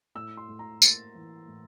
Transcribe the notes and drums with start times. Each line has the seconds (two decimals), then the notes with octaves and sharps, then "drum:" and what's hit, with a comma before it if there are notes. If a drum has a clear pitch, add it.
0.15 A2 E6
0.37 C6
0.48 A2
0.59 A#5
0.82 A#3 A6, drum: tambourine
1.15 E3
1.48 A2